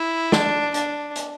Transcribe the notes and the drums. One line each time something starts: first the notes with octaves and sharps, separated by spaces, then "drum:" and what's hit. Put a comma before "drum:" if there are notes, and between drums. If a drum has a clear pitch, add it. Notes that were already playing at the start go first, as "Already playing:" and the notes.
Already playing: E4
D4, drum: snare
D4, drum: hi-hat
drum: hi-hat